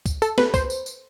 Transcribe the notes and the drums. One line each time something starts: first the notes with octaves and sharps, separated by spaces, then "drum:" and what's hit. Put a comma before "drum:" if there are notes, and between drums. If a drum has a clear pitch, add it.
drum: kick C#2, tambourine
A4, drum: tambourine
B4, drum: snare
C5, drum: kick C#2, tambourine
drum: tambourine
drum: tambourine